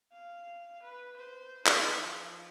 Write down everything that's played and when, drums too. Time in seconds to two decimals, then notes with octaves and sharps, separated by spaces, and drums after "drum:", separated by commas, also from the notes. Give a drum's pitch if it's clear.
0.12 F5
0.83 B4
1.17 C5
1.66 D#4, drum: clap
2.00 F3